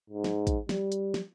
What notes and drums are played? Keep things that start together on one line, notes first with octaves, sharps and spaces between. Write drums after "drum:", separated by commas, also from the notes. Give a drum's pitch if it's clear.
G#2
drum: snare
drum: kick, hi-hat
G3, drum: snare
drum: hi-hat
drum: snare